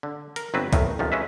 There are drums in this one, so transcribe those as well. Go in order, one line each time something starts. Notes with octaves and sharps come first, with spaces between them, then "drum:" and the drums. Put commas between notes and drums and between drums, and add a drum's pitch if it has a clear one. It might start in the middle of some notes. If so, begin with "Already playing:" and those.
D3
A#4, drum: hi-hat
G1 F#3 C4 B4
B1 A2 D#3, drum: kick, hi-hat
B1 C3 D#3 F3
G#3 C#4 B4 E5